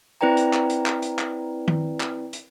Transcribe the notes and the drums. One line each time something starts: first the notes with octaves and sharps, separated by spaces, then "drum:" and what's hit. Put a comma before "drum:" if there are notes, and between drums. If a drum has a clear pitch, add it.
C4 E4 B4 D5 G5 A#5
drum: hi-hat
drum: clap
drum: hi-hat
drum: clap
drum: hi-hat
drum: clap
drum: tom D#3
drum: clap
drum: hi-hat